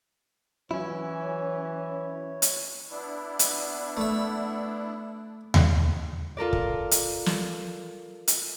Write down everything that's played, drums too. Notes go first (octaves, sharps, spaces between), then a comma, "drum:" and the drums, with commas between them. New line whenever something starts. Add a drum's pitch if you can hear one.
E3 F#3 C#4 E4 C#5
drum: hi-hat
B3 D4 E4
drum: hi-hat
A3 E5
drum: tom D#2
F4 A4 A#4 D5
drum: kick
drum: hi-hat
drum: snare
drum: hi-hat